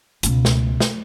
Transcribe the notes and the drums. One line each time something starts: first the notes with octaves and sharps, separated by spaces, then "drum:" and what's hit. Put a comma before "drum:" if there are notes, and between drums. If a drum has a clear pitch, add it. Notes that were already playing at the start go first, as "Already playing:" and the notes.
C#2 B2, drum: hi-hat
drum: snare
drum: snare